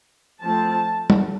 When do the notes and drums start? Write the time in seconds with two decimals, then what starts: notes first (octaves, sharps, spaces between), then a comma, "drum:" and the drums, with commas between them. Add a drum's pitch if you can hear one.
0.42 F3 A3 C4 A5
1.10 drum: tom G3